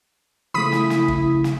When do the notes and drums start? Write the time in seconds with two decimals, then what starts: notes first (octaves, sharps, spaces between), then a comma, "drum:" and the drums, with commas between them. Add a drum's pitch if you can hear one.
0.54 C#3 F3 A3 E4 B5 D#6 B6
0.72 drum: snare
0.90 drum: snare
1.08 drum: kick
1.44 drum: snare